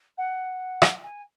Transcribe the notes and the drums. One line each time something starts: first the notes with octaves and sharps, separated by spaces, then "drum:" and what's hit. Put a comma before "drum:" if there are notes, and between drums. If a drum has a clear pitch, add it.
F#5
drum: rim click
G#5